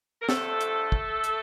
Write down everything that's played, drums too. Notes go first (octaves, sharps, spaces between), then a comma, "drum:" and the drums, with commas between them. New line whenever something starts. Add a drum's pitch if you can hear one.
A#4
G2 D3 F3 A3 A4, drum: snare
drum: hi-hat
drum: kick
drum: hi-hat